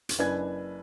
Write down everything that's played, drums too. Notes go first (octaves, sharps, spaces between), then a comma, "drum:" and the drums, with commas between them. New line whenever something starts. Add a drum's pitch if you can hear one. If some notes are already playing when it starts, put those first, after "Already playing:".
drum: hi-hat
F#1 D4 E4 B4 G#5 G#6